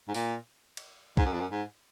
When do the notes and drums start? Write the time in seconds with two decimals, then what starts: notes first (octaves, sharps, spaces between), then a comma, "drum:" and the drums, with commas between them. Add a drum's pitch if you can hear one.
0.08 G#2
0.14 A#2, drum: open hi-hat
0.77 drum: cymbal
1.17 G#2, drum: kick
1.25 F#2
1.33 F2
1.41 F#2
1.51 G#2